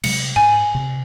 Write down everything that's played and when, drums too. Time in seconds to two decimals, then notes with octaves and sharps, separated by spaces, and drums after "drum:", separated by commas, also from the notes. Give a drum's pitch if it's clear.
0.04 C3 F#3 G#3 C#7, drum: cymbal
0.36 G#2 G#5
0.75 C3